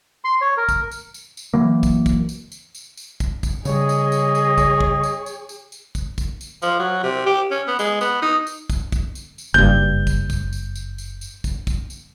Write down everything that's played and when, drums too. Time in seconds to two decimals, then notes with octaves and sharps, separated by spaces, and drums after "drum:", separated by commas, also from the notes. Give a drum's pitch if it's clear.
0.24 C6
0.41 C#5
0.57 A#4
0.69 drum: kick, tambourine
0.91 drum: tambourine
1.14 drum: tambourine
1.37 drum: tambourine
1.54 E3 F#3 A#3
1.83 drum: kick, tambourine
2.06 drum: kick, tambourine
2.29 drum: tambourine
2.52 drum: tambourine
2.75 drum: tambourine
2.97 drum: tambourine
3.20 drum: kick, tambourine
3.43 drum: kick, tambourine
3.65 C#3 G3 G#4 C#5 D#5, drum: tambourine
3.89 drum: tambourine
4.12 drum: tambourine
4.35 drum: tambourine
4.58 drum: kick, tambourine
4.81 drum: kick
5.03 drum: tambourine
5.26 drum: tambourine
5.49 drum: tambourine
5.72 drum: tambourine
5.95 drum: kick, tambourine
6.18 drum: kick, tambourine
6.41 drum: tambourine
6.62 F3, drum: tambourine
6.79 F#3
7.03 C3
7.26 G4
7.51 C#4
7.67 B3
7.79 G#3, drum: tambourine
8.01 B3, drum: tambourine
8.22 D#4
8.47 drum: tambourine
8.70 drum: kick, tambourine
8.92 drum: kick, tambourine
9.15 drum: tambourine
9.38 drum: tambourine
9.54 F#1 G2 G6
10.07 drum: kick, tambourine
10.30 drum: kick, tambourine
10.53 drum: tambourine
10.75 drum: tambourine
10.98 drum: tambourine
11.21 drum: tambourine
11.44 drum: kick, tambourine
11.67 drum: kick, tambourine
11.90 drum: tambourine